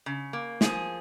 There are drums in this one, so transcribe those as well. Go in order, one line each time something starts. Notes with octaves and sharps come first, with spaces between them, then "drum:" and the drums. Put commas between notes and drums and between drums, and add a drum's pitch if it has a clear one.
C#3
A#3
F3 G#4, drum: snare